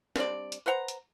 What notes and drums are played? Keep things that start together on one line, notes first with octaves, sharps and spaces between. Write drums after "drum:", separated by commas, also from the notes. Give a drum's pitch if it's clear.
G3 C4 D4 D5, drum: snare
drum: hi-hat
B4 C5 F#5 A#5
drum: hi-hat